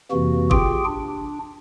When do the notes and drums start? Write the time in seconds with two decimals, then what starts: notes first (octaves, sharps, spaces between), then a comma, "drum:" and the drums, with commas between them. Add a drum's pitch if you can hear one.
0.12 F2 C3 E3 A#3 F#4
0.51 F4 G4 G#4 G5, drum: kick G1
0.85 D4